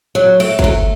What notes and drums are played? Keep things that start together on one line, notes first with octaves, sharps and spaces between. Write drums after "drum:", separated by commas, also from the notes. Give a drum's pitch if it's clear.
F#3
A3, drum: cymbal
F#3, drum: kick G1
A3